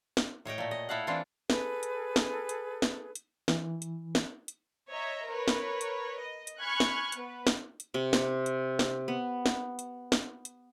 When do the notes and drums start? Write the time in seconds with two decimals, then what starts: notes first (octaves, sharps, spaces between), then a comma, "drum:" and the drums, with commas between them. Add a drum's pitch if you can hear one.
0.17 drum: snare
0.45 A2 C#5 D#5 G5
0.58 A#2 A3
0.71 D#5
0.89 E4 A4 F5 F#5
1.07 E3 C4 D4 F4
1.50 G#4 A4 B4, drum: snare
1.83 drum: hi-hat
2.16 drum: snare
2.49 drum: hi-hat
2.82 drum: snare
3.15 drum: hi-hat
3.48 E3, drum: snare
3.82 drum: hi-hat
4.15 drum: snare
4.48 drum: hi-hat
4.90 C#5 D#5 E5 A#5
5.27 A#4 B4 C#5
5.48 drum: snare
5.81 drum: hi-hat
6.22 D#5
6.47 drum: hi-hat
6.60 G#5 B5 C#6 F6 F#6 G#6
6.80 drum: snare
7.12 B3 B4, drum: hi-hat
7.47 drum: snare
7.80 drum: hi-hat
7.94 C3
8.13 drum: snare
8.46 drum: hi-hat
8.79 drum: snare
9.08 B3
9.46 drum: snare
9.79 drum: hi-hat
10.12 drum: snare
10.45 drum: hi-hat